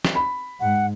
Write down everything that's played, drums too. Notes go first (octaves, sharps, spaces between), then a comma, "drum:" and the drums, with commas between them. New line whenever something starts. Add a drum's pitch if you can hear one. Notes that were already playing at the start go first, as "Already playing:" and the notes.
drum: snare
B5
G#2 F#5